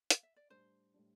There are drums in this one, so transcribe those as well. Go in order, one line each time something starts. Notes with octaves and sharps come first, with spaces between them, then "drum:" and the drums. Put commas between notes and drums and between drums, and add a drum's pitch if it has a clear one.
F5, drum: hi-hat
E5
D5
A2 G3 D4 C5
A2 G3 D4